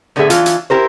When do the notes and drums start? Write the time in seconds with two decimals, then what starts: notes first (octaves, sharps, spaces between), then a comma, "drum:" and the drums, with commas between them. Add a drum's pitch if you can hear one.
0.16 A2 D3 A3 B3 G#4 E5
0.30 E3 F#3 F4, drum: hi-hat
0.46 drum: hi-hat
0.70 E4 G4 A#4 C5